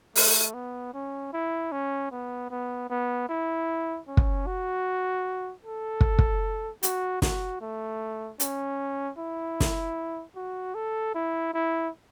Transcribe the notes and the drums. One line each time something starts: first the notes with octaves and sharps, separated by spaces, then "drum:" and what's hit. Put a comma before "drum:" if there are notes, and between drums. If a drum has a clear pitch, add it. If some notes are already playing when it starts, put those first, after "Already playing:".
A3, drum: open hi-hat
B3
C#4
E4
C#4
B3
B3
B3
E4
C#4
drum: kick
F#4
A4
drum: kick
drum: kick
F#4, drum: hi-hat
F#4, drum: snare
A3
C#4, drum: hi-hat
E4
drum: snare
F#4
A4
E4
E4